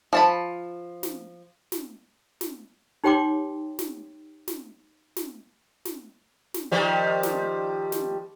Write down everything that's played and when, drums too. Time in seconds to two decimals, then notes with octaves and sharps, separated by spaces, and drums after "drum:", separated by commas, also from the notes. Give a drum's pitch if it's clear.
0.13 F3 A5 B5
1.03 drum: snare
1.72 drum: snare
2.41 drum: snare
3.04 D#4 G4 C#5 G5 C6 D6
3.79 drum: snare
4.48 drum: snare
5.16 drum: snare
5.85 drum: snare
6.54 drum: snare
6.71 D#3 F3 G3
7.23 drum: snare
7.92 drum: snare